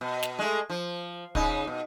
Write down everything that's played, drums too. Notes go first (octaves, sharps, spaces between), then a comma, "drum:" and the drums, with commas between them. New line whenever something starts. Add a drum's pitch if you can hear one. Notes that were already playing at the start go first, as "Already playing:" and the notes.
B2
drum: snare
G#3 A3
F3
C#3 D#4, drum: kick
B2